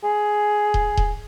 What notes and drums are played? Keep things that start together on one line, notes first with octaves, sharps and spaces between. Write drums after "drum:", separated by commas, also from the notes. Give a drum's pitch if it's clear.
G#4
drum: kick D#1
drum: kick D#1